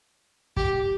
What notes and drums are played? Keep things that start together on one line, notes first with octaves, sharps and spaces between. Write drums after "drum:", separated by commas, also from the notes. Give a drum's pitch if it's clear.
G4, drum: kick